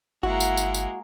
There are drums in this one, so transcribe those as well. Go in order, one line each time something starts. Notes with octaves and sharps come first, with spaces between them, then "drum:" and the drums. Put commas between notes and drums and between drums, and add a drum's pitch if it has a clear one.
G1 G#3 A#3 E4 F#4 F#5
drum: tambourine
drum: tambourine
drum: tambourine